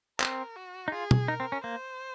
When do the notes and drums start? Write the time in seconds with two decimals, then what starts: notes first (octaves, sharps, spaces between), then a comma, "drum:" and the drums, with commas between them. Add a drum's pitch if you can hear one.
0.20 C4 A#4, drum: clap
0.56 F#4
0.88 D#4
0.92 F4 G#4
1.11 drum: tom
1.28 D#4 A#4
1.40 C4
1.52 C#4
1.64 A#3 C5